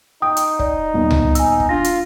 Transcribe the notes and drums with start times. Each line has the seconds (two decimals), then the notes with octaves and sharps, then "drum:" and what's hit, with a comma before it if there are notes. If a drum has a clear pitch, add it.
0.22 D#4 G5 D#6
0.37 drum: hi-hat
0.59 D5, drum: kick
0.94 D#1 D#3 B3
1.11 drum: tom C#2
1.35 G#5 E6, drum: hi-hat
1.60 drum: kick
1.69 D4 F4 A#6
1.84 drum: hi-hat